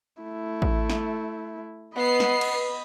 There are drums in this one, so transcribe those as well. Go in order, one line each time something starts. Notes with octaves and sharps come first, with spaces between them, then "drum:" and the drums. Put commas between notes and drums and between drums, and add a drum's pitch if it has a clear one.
A3 E4
drum: kick A1
drum: snare
B3 D#5 B5 C7
drum: snare
drum: cymbal